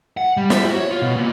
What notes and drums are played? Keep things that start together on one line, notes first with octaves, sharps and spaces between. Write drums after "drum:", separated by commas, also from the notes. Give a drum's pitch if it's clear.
F#5
G3
E5, drum: snare
F#4
C#5
F4
B2
A#2